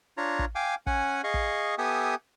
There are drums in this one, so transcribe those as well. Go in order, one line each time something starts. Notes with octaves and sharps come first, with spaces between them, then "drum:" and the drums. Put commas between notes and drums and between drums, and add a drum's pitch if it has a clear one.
D4 F4 C#5 A#5
drum: kick
F5 G5 G#5 D6
C#4 F#5 G#5, drum: kick
G#4 D#5 F5 C#6
drum: kick
B3 G4 A4 E5 G#5 D#6